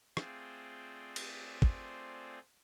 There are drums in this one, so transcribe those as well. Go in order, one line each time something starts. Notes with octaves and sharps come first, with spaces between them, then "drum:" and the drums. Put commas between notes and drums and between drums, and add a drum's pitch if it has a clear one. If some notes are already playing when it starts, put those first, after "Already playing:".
A3 C4 F4 G#4 C5 D5, drum: rim click
drum: cymbal
drum: kick